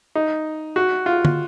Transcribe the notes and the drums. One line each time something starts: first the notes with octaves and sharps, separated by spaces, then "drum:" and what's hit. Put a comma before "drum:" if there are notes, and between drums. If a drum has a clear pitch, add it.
D#4
F#4
F4
drum: tom